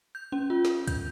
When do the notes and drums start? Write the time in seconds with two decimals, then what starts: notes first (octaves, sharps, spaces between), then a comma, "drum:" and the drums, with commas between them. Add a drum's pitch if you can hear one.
0.15 G6
0.32 C#4
0.50 F4
0.65 drum: snare
0.87 G6, drum: kick, hi-hat